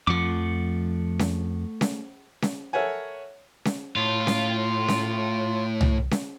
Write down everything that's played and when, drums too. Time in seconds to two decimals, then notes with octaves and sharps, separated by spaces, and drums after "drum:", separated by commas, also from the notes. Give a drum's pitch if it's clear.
0.07 F2 F3 A3 F#5 D6
1.19 drum: snare C#4
1.81 drum: snare C#4
2.42 drum: snare C#4
2.73 A4 A#4 C#5 E5 F#5 G#5
3.65 drum: snare C#4
3.96 A2 F4
4.27 drum: snare C#4
4.88 drum: snare C#4
5.81 drum: tom C2
6.11 drum: snare C#4